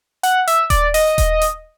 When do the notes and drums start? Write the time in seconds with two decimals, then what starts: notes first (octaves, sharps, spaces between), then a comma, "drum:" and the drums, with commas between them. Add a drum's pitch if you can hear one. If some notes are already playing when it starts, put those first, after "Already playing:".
0.23 F#5, drum: hi-hat
0.47 E5, drum: hi-hat
0.70 D5, drum: kick D#1, hi-hat
0.94 D#5, drum: open hi-hat
1.18 drum: kick D#1, hi-hat
1.42 drum: hi-hat